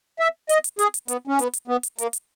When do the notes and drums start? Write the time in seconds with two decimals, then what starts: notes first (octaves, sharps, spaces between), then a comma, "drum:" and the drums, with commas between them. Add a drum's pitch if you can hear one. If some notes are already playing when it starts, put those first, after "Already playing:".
0.19 E5
0.49 D#5, drum: hi-hat
0.64 drum: hi-hat
0.79 G#4, drum: hi-hat
0.94 drum: hi-hat
1.08 B3, drum: hi-hat
1.27 C#4
1.39 B3, drum: hi-hat
1.53 drum: hi-hat
1.68 B3
1.83 drum: hi-hat
1.98 A#3, drum: hi-hat
2.13 drum: hi-hat